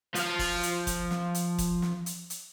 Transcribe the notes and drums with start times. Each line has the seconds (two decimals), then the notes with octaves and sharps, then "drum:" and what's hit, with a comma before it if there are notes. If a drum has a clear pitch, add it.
0.15 F3 F5, drum: hi-hat
0.39 drum: kick, open hi-hat
0.63 drum: hi-hat
0.87 drum: kick, hi-hat
1.11 drum: snare
1.35 drum: hi-hat
1.58 drum: kick, hi-hat
1.82 drum: snare
2.06 drum: hi-hat
2.30 drum: hi-hat